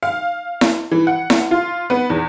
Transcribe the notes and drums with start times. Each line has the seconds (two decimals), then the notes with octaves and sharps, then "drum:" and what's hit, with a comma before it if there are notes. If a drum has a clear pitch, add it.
0.03 F5
0.61 drum: snare E4
0.91 E3
1.07 F#5
1.30 drum: snare E4
1.51 F4
1.90 B3
2.10 E2